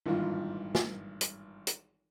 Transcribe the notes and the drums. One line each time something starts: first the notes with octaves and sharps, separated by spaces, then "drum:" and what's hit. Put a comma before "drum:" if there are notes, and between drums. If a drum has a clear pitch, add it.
G#1 G2 A#2 E3 F4
drum: snare
drum: hi-hat
drum: hi-hat